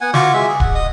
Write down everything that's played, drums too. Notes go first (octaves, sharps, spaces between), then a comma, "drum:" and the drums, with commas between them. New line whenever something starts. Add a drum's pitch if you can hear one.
B3 F#5 G#5
F4 F#4 C#6 D6, drum: snare
G#3 E5
G#4
F#5, drum: kick D1
D#5